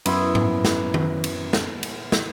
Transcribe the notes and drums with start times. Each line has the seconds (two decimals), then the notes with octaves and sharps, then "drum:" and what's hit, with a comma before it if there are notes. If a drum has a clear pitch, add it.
0.06 F#2 B3 E4 B5 C6, drum: cymbal
0.35 drum: tom G#2
0.65 drum: snare
0.94 drum: tom D#3
1.24 drum: cymbal
1.53 drum: snare
1.83 drum: cymbal
2.12 drum: snare